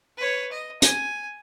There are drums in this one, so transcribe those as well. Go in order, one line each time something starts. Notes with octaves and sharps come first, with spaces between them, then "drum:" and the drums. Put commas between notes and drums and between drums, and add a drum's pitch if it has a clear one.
B4 C#5
D#5
G#5, drum: hi-hat